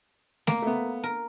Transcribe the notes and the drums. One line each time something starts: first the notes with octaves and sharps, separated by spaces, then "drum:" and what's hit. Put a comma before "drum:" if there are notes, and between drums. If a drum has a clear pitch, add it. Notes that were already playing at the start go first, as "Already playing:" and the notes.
A#3, drum: snare A3
A3 B3
A#4